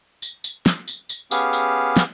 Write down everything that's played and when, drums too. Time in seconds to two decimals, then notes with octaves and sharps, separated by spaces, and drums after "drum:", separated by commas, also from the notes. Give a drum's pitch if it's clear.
0.22 drum: tambourine
0.44 drum: tambourine
0.66 drum: snare
0.88 drum: tambourine
1.09 drum: tambourine
1.31 B3 C#4 G4 G#4 F5, drum: tambourine
1.53 drum: tambourine
1.97 drum: snare